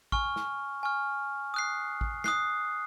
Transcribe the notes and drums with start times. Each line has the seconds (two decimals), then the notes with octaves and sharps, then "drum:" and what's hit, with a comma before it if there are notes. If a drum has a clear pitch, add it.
0.12 G#5 C#6 F6, drum: kick A1
0.36 drum: snare
0.83 G#5 C#6 F6
1.54 D#6 F#6 C7
2.01 drum: kick A1
2.24 D#6 F#6 C7, drum: snare